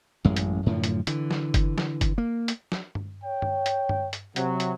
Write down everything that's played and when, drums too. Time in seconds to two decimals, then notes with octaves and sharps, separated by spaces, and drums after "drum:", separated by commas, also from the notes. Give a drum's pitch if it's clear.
0.24 A1 F#2 G#3
0.36 drum: hi-hat
0.66 F#2 A2 D3 F3
0.84 drum: hi-hat
1.07 D3 E3, drum: hi-hat
1.31 drum: snare
1.54 drum: kick F#1, hi-hat
1.78 drum: snare
2.01 drum: kick F#1, hi-hat
2.18 A#3
2.48 drum: hi-hat
2.72 drum: snare
2.95 drum: tom G2
3.24 C#5 G5
3.42 drum: tom G2
3.66 drum: hi-hat
3.89 drum: tom G2
4.13 drum: hi-hat
4.36 C3 F#3, drum: hi-hat
4.60 drum: hi-hat